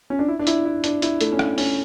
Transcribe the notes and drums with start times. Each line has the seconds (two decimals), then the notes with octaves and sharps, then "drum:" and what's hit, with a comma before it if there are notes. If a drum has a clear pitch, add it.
0.10 C#4
0.19 D4
0.28 E4
0.39 D4
0.47 E4, drum: hi-hat
0.65 E4
0.84 D4, drum: hi-hat
1.02 E4, drum: hi-hat
1.21 A3, drum: hi-hat
1.32 C#4
1.39 D4, drum: rim click
1.58 C#4, drum: open hi-hat